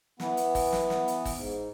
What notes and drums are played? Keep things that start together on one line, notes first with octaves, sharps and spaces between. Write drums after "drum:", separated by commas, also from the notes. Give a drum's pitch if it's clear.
E3 B3, drum: snare
drum: hi-hat
drum: kick, open hi-hat
drum: snare
drum: snare
drum: hi-hat
drum: kick, open hi-hat
G#2